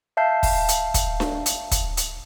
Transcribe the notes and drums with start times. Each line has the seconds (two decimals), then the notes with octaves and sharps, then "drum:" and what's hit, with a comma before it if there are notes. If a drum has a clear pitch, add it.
0.17 E5 F5 A5 G6 C7
0.43 drum: kick, open hi-hat
0.68 drum: hi-hat
0.94 drum: kick, hi-hat
1.20 drum: snare D4
1.46 drum: hi-hat
1.71 drum: kick, hi-hat
1.97 drum: hi-hat